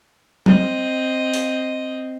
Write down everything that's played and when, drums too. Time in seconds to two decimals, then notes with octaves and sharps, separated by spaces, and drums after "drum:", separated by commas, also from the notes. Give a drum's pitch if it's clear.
0.46 C4 D#5, drum: tom F#3
1.34 drum: open hi-hat